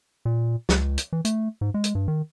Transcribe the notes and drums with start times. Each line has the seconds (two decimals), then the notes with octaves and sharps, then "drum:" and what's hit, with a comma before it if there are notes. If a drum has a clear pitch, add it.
0.25 A#2
0.69 C#2, drum: snare
0.98 drum: hi-hat
1.13 E3
1.25 A3, drum: hi-hat
1.61 G#2
1.74 G#3
1.84 drum: hi-hat
1.95 G2
2.08 D#3